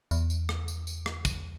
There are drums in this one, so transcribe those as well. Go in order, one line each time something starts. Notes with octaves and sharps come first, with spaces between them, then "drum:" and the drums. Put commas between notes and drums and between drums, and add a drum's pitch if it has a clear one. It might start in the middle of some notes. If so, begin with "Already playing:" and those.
E2, drum: tambourine
drum: tambourine
drum: rim click
drum: tambourine
drum: tambourine
drum: rim click
drum: kick, tambourine